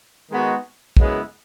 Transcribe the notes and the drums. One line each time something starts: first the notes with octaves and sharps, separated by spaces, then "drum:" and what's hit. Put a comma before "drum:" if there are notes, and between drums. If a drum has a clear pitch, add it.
D#3 G#3 B3 D#4 F#4
F#2 C#3 G#3 B3 E4, drum: kick